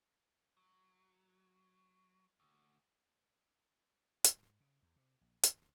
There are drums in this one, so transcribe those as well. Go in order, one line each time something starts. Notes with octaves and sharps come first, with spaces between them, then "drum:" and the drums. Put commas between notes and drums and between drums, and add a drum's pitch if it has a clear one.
F#3
D2
G#2, drum: hi-hat
C#3
E2
C3
A#1
A#1, drum: hi-hat
D2